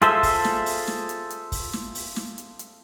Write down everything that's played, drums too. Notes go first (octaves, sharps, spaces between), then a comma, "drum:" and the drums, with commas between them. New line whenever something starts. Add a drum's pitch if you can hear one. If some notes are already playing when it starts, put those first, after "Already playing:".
F4 G#4 A4 C5 E5, drum: hi-hat
drum: kick, open hi-hat
drum: snare
drum: open hi-hat
drum: snare
drum: hi-hat
drum: hi-hat
drum: kick, open hi-hat
drum: snare
drum: open hi-hat
drum: snare
drum: hi-hat
drum: hi-hat